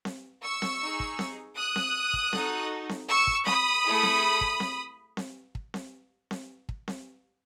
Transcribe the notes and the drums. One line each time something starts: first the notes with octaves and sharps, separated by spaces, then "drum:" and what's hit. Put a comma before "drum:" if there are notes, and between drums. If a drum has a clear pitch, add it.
drum: snare C4
C#6 E6
drum: snare C4
D#4 G#4
drum: kick
drum: snare C4
D#6 F#6
drum: snare C4
drum: kick
D#4 F#4 A4, drum: snare C4
drum: snare C4
C#6 E6
drum: kick
B5 D#6, drum: snare C4
A3 E4 G#4
drum: snare C4
drum: kick
drum: snare C4
drum: snare C4
drum: kick
drum: snare C4
drum: snare C4
drum: kick
drum: snare C4